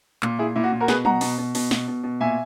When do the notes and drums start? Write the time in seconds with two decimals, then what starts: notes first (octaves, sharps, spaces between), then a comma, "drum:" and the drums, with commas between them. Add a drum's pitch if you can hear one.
0.23 A#2, drum: clap
0.39 A#2 E4 G#4
0.56 A#2 E4
0.63 F#4
0.72 A#2
0.80 F#4 A#4
0.88 B2 G#4 B4, drum: snare
1.05 B2 F#5 A#5, drum: tom F#3
1.21 B2, drum: open hi-hat
1.38 B2
1.55 B2, drum: open hi-hat
1.71 B2, drum: snare
1.88 B2
2.04 B2
2.20 A#2 E5 G#5